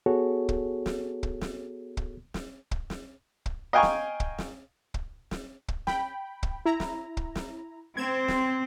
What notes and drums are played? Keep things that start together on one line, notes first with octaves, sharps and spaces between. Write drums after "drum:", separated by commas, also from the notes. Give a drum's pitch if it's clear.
B3 F#4 G#4 A4 C#5
drum: kick
drum: snare
drum: kick
drum: snare
drum: kick
drum: snare
drum: kick
drum: snare
drum: kick
D#5 F5 G5 G#5 A#5 C#6
drum: snare
drum: kick
drum: snare
drum: kick
drum: snare
drum: kick
G5 B5, drum: snare
drum: kick
E4 A#5
drum: snare
drum: kick
drum: snare
C4 G#6 E7
drum: snare